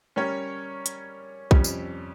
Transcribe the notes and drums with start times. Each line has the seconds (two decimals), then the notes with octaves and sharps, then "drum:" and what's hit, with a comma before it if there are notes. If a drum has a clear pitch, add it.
0.16 G3 C#4 G4 A#4 C#5
0.86 drum: hi-hat
1.51 F2 C3 G3 C#4, drum: kick B1
1.64 drum: tambourine